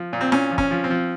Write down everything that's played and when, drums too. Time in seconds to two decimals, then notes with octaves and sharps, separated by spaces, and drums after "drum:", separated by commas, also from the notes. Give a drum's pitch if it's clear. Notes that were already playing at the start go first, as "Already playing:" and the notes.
Already playing: F3
0.13 A#2
0.21 C4
0.32 A#2 C#4, drum: snare E4
0.51 F3
0.58 C#4, drum: kick
0.71 F3
0.84 C4
0.90 F3